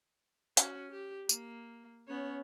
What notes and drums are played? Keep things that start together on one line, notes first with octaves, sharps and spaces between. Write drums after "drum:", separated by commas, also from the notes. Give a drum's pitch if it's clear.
C#4 F#4, drum: hi-hat
G4
A#3, drum: tambourine
B3 C#4 C#5